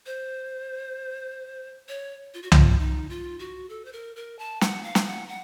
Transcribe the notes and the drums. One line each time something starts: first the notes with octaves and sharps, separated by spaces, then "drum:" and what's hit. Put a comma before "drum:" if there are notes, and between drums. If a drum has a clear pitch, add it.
C5
C#5
F4
F#4
F4, drum: tom C2
D#4
F4
F#4
A4
C5
A#4
A#4
A5
F#5, drum: snare
F5
drum: snare
F#5
F#5